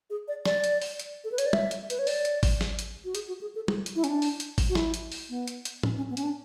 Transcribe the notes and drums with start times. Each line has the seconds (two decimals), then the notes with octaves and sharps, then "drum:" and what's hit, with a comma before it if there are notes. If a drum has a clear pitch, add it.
0.10 G#4
0.28 D5
0.46 D5, drum: snare
0.64 drum: hi-hat
0.82 drum: open hi-hat
0.99 drum: hi-hat
1.24 A4
1.32 B4
1.38 C#5, drum: hi-hat
1.46 D5
1.53 E5, drum: tom
1.71 drum: hi-hat
1.90 B4, drum: hi-hat
1.99 C#5
2.07 D5, drum: open hi-hat
2.25 drum: hi-hat
2.43 drum: kick G#1, open hi-hat
2.61 drum: snare
2.79 drum: hi-hat
3.05 F#4
3.15 G#4, drum: hi-hat
3.28 F#4
3.41 G#4
3.55 A4
3.68 G#4, drum: tom
3.86 drum: hi-hat
3.96 E4
4.04 C#4, drum: hi-hat
4.09 D4
4.22 drum: open hi-hat
4.40 drum: hi-hat
4.58 drum: kick G#1, open hi-hat
4.69 F#4
4.75 E4, drum: snare
4.94 drum: hi-hat
5.12 drum: open hi-hat
5.30 B3
5.47 drum: hi-hat
5.65 drum: hi-hat
5.83 C#4, drum: tom A2
5.96 C#4
6.10 B3
6.17 C#4, drum: hi-hat
6.23 D4